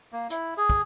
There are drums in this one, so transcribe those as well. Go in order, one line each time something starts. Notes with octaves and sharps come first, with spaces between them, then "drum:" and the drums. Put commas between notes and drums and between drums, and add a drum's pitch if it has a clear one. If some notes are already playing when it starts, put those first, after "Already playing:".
A#3
E4, drum: hi-hat
G#4
drum: kick